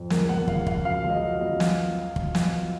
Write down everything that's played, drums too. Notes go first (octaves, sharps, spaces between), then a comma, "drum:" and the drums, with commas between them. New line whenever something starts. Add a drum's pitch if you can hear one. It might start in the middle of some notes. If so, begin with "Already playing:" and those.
Already playing: F2
C#2 A#4, drum: snare
C#2 F#5
C#2 F5, drum: kick
C#3 F5, drum: kick
F#3 F5
C#2
D#5
F#3
D#5
C#2
drum: snare
drum: kick
drum: snare